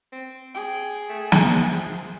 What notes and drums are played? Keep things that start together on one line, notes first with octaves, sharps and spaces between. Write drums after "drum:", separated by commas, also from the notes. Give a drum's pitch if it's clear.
C4
G#4 G5
A3
drum: snare
C5